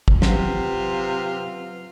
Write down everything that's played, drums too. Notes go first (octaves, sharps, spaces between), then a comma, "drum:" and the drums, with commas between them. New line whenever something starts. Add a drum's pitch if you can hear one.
drum: kick
C3 F#3 F4 B4 F5, drum: snare